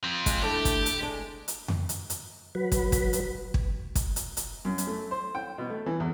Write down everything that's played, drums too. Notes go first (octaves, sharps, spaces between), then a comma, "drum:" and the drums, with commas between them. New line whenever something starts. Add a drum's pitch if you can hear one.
F3 C4
G#3, drum: kick, hi-hat
A3 D4 E4 G4
drum: kick, hi-hat
drum: hi-hat
G#3 D4
drum: hi-hat
drum: tom F2
drum: hi-hat
drum: hi-hat
F#3 B4
drum: kick, hi-hat
drum: kick, hi-hat
drum: hi-hat
drum: kick
drum: kick, hi-hat
drum: hi-hat
drum: hi-hat
F#2
drum: hi-hat
A3
C5
G5
B2
A3
E3
E2